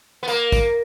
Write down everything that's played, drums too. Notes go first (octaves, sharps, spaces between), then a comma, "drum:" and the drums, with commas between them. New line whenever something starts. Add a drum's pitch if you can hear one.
B3
A#3, drum: tambourine
drum: kick, tambourine